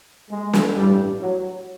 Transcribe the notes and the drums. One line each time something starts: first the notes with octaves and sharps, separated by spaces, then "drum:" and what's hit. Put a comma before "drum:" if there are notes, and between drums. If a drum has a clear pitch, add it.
G#3
drum: snare
A1 G2 E3 G3
F#3